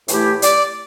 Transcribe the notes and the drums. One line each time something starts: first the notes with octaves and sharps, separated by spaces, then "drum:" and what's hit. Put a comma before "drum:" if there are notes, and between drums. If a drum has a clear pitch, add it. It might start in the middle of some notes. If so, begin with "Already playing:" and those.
A2 E3 A3 E4 G4, drum: hi-hat
D5, drum: hi-hat